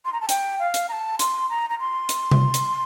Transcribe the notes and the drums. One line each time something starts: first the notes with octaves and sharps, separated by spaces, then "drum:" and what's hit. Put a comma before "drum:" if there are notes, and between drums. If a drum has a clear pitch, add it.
C6
A#5
A5
G5, drum: hi-hat
F5
drum: hi-hat
A#5
A5
C6, drum: hi-hat
A#5
A#5
C6
drum: hi-hat
drum: tom C3
drum: hi-hat